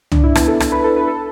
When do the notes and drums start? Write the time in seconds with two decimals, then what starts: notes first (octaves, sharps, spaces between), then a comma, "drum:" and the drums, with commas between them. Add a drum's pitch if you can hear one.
0.12 D4, drum: tom
0.24 E4
0.35 B3, drum: rim click
0.48 A4
0.60 A4, drum: rim click
0.72 B4
0.84 A4
0.96 B4
1.08 A4